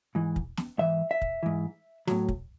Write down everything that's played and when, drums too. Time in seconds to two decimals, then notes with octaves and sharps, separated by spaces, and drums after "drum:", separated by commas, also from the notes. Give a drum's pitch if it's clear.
0.15 G#2 E3
0.36 drum: kick
0.57 drum: snare
0.78 G#2 E3 E5
1.11 E5
1.22 drum: kick
1.43 G#2 E3
2.07 A2 F#3, drum: snare
2.29 drum: kick